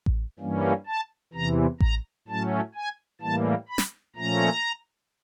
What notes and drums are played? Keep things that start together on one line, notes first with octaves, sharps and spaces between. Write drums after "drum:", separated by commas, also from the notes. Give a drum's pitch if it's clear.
drum: kick A1
G2 E3 G3 A#3 C#4
A5
E2 C3 E3 A#5
A#5, drum: kick A1
A2 F#3 A3 C#4 A5
G#5
A2 E3 G3 A#3 A5
B5
drum: snare
A#2 F3 A3 C#4 A#5